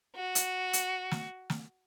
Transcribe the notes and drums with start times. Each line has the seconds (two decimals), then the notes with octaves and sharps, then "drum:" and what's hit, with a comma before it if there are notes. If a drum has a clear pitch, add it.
0.15 F#4
0.35 drum: hi-hat
0.73 drum: hi-hat
1.11 drum: snare
1.50 drum: snare